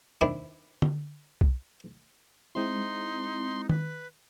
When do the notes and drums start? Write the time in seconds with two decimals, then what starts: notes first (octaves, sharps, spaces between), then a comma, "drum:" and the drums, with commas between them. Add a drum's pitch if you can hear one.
0.21 D#3 C4 D4 E4
0.82 drum: tom D3
1.41 drum: kick B1
2.55 G#3 C4 D#4 E4 C6
3.69 B4, drum: tom